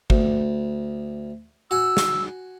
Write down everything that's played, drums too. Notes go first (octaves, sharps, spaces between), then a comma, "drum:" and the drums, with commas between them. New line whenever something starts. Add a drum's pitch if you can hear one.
D2, drum: kick G#1
F#4 G#5 E6
drum: snare